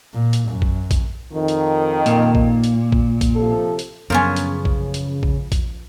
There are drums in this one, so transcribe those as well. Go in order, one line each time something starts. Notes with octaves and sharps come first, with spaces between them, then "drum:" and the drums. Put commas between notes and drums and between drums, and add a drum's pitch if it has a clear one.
A#2
drum: hi-hat
F#2
drum: kick A#1
drum: kick A#1, hi-hat
F2 D#3
drum: hi-hat
A#2, drum: hi-hat
drum: kick A#1
drum: hi-hat
drum: kick A#1
drum: kick A#1, hi-hat
C3 F3 A4
drum: hi-hat
F#2 C#3 F3 B3 C#4 F4 A#4 G#5
drum: hi-hat
drum: kick A#1
drum: hi-hat
drum: kick A#1
drum: kick A#1, hi-hat